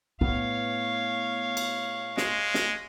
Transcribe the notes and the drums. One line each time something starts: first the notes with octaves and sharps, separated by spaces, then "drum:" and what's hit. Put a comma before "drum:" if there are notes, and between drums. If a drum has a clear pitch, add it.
A2 B3 C#5 F5
drum: cymbal
G#3, drum: snare
drum: snare